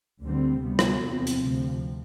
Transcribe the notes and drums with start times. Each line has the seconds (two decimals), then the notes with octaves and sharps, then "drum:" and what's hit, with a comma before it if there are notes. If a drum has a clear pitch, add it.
0.22 D2 D3 G3 C4
0.62 D2 C3 G3 B3
0.79 drum: rim click
1.02 E2 C3 F3 C4
1.27 drum: hi-hat
1.42 D2 C3 F3